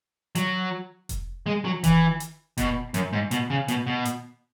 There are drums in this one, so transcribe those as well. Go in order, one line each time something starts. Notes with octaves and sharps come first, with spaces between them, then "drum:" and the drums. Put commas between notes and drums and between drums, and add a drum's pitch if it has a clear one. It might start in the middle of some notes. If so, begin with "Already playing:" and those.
F#3, drum: hi-hat
drum: kick F1, hi-hat
G#3
F#3
E3, drum: kick F1, hi-hat
drum: hi-hat
B2, drum: kick F1, hi-hat
F#2, drum: hi-hat
G#2
B2, drum: hi-hat
C#3
B2, drum: hi-hat
B2
drum: hi-hat